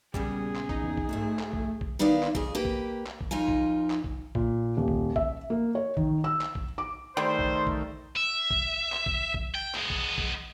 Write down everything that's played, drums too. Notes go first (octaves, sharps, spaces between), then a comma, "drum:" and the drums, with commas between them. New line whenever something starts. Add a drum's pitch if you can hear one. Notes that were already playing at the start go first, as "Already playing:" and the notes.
A#2 C#3 G3 B3 G#4, drum: kick
drum: clap
E2 D#4, drum: kick
drum: kick
G#2 A3 E4 F#4
drum: clap
drum: kick
drum: kick
D#3 B3 D#4 E4 D5 F5
drum: clap
F2 G#4, drum: kick
A#3 G4 B4
drum: kick
drum: clap
drum: kick
F2 D#4 F4 G#5
drum: kick
drum: clap
drum: kick
A#2, drum: kick
D#1
drum: kick
E5, drum: kick
A#3
C#5
D#3, drum: kick
E6
drum: clap
drum: kick
D6
D#3 G3 A3 C5
drum: kick
drum: kick
E5
drum: kick
drum: clap
drum: kick
drum: kick
G5
G#3 B3, drum: clap
drum: kick
drum: kick